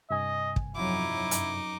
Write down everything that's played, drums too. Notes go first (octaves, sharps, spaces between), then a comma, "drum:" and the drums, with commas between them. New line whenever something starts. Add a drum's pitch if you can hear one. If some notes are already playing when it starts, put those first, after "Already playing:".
G2 C3 D#5 G#5
drum: kick
F2 F#3 C#4 D#4 E4 D6
F#2, drum: hi-hat